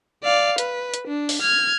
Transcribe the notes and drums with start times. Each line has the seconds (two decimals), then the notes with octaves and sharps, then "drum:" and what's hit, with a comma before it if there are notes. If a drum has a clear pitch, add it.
0.24 D5 F5
0.58 B4, drum: hi-hat
0.94 drum: hi-hat
1.07 D4
1.29 drum: open hi-hat
1.41 F6 G#6